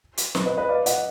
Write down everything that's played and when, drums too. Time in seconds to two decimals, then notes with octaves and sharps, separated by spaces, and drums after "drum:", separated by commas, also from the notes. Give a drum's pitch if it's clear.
0.17 drum: hi-hat
0.35 B4, drum: snare
0.46 B4 D#5
0.57 B4 D#5
0.69 D5 F5
0.86 D#5 F#5, drum: hi-hat